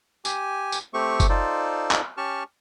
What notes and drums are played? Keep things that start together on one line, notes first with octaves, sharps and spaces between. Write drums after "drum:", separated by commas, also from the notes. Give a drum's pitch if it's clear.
G4 G#5, drum: tambourine
drum: tambourine
A3 C4 G4 C#6
drum: kick F#1, tambourine
D#4 F4 A4 C5 D5
drum: clap
C#4 G4 A5 C#6 F6